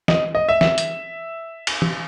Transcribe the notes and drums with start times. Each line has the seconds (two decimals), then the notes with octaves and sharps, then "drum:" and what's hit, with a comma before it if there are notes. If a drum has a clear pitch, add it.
0.08 D#5, drum: snare
0.35 D#5
0.49 E5
0.61 E5, drum: snare
0.78 drum: hi-hat
1.67 drum: cymbal
1.82 drum: tom